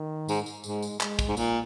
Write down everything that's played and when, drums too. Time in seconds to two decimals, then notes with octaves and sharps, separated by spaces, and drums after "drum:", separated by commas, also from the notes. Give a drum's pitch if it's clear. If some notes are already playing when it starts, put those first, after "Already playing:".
Already playing: D#3
0.29 G#2, drum: tambourine
0.46 drum: tambourine
0.64 G#2 G#3, drum: tambourine
0.82 drum: tambourine
1.01 G#3, drum: clap
1.19 drum: kick, tambourine
1.28 G#2
1.37 A#2, drum: tambourine